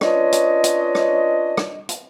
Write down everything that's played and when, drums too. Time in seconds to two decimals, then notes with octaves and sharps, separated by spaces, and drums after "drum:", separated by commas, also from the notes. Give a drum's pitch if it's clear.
0.01 C#4 D4 F4 B4 C#5 D#5, drum: rim click
0.32 drum: hi-hat
0.64 drum: hi-hat
0.95 drum: rim click
1.57 drum: rim click
1.89 drum: hi-hat